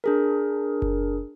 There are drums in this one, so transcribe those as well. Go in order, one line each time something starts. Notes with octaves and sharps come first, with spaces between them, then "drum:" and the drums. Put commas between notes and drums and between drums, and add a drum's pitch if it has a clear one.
D4 G#4 A#4
drum: kick F#1